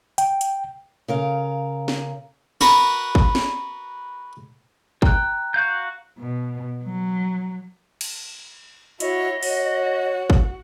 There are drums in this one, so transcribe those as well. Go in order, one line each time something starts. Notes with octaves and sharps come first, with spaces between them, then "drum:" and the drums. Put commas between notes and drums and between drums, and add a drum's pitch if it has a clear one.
G5, drum: hi-hat
drum: hi-hat
C#3 A#4 F5
drum: snare
F#4 A#4 B4, drum: snare
drum: kick
drum: snare
G5 A#5 F#6, drum: kick
F#4 F5 G6
B2
F#3
drum: cymbal
E4 F#4 C#5 D#5, drum: hi-hat
F#4 C#5, drum: open hi-hat
C#5
drum: kick